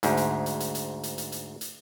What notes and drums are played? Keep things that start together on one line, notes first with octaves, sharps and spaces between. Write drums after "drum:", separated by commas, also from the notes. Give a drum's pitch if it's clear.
D2 G#2, drum: hi-hat
drum: hi-hat
drum: hi-hat
drum: hi-hat
drum: hi-hat
drum: hi-hat
drum: hi-hat
drum: hi-hat
drum: hi-hat